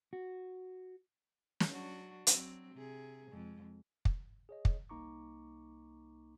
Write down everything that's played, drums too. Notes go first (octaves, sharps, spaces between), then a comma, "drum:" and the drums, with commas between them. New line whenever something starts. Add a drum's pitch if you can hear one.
F#4
drum: snare
F#3 D4 F#4
F#3 C4, drum: hi-hat
C3 G#4
F2 G#3
drum: kick
G#4 C#5 D#5
drum: kick
C2 A#3 D#4 A#5 C#6 D6